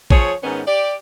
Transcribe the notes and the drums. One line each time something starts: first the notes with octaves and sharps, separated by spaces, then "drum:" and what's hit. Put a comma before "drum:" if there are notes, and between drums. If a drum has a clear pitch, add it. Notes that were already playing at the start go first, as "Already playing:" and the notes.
F3 G#4 C#5, drum: kick A1
G#2 D#3 B3 C#4
G4 D5